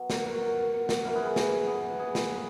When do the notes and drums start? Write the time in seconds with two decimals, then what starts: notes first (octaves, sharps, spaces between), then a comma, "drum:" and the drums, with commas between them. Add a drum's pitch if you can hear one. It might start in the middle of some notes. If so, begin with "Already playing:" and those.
Already playing: B2 F#3
0.10 F#4 A#4, drum: snare
0.26 F#4 A#4
0.41 F#4 A#4
0.89 drum: snare
1.04 F#2 E3 F#4 A#4
1.15 G#4 B4
1.26 G#4 B4
1.36 drum: snare
1.67 G#4 B4
1.99 G#4 B4
2.15 drum: snare
2.32 C#3 F#3